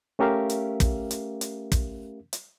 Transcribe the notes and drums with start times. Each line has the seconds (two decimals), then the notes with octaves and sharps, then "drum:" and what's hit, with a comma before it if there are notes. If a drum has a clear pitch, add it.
0.19 A3 C#4 G4 A#4 E5 F5
0.50 drum: hi-hat
0.80 drum: kick, hi-hat
1.11 drum: hi-hat
1.41 drum: hi-hat
1.72 drum: kick, hi-hat
2.33 drum: hi-hat